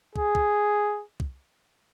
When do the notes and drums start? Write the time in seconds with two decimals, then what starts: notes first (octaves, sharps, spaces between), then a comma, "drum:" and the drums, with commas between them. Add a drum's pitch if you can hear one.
0.16 G#4, drum: kick
0.35 drum: kick
1.20 drum: kick